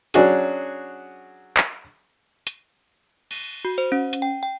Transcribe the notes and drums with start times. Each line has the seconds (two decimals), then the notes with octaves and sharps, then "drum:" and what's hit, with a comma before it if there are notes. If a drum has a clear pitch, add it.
0.14 F#3 C#4 D4 F#4 G#4, drum: hi-hat
1.57 drum: clap
2.47 drum: hi-hat
3.31 drum: cymbal
3.65 F#4
3.78 C5
3.92 C#4
4.13 drum: hi-hat
4.22 G5
4.43 G5